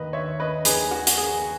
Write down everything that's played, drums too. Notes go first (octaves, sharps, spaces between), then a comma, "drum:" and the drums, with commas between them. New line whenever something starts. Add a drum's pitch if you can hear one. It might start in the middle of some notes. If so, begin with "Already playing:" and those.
Already playing: D#2 D#3 B4 D#5
C#5 E5
B4 D#5
D#2 D#3 G#4 B4, drum: hi-hat
F#4
F#4, drum: hi-hat
G#4